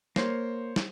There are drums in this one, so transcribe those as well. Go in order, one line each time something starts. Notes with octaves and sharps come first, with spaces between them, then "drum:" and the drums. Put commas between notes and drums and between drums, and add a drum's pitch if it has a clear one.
A#3 C5 C#5 C6, drum: snare
drum: snare